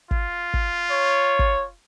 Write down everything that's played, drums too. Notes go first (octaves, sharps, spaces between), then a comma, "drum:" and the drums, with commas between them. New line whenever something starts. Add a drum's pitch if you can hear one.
F4, drum: kick
drum: kick
C#5
drum: kick